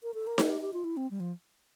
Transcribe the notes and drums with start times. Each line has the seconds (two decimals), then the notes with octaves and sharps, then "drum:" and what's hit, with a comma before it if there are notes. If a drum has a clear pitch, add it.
0.03 A#4
0.14 A4
0.27 A#4
0.38 A4, drum: snare D#4
0.50 G4
0.61 G4
0.73 F4
0.84 E4
0.97 C4
1.11 G3
1.20 F3